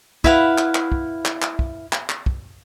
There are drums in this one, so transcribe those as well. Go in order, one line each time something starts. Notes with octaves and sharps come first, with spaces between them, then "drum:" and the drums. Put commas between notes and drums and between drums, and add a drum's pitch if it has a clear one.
E4 B4 F5 F#5, drum: kick
drum: clap
drum: clap
drum: kick
drum: clap
drum: clap
drum: kick
drum: clap
drum: clap
drum: kick